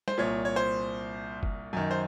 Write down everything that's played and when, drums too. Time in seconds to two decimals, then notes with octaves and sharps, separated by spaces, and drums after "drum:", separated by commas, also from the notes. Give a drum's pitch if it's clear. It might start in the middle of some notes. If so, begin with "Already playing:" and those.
0.08 C5, drum: snare
0.18 C2 A#2 C#5
0.45 C#5
0.56 C5
1.43 drum: kick F#1
1.73 F#2 D#3
1.91 C5